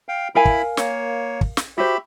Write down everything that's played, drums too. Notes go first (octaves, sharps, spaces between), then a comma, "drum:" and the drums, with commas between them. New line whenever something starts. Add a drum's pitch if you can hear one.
F5 G5
E4 A#4 F5 G#5 B5
drum: kick
A#3 C#5, drum: snare
drum: kick
drum: snare
F#4 G4 C5 E5 B5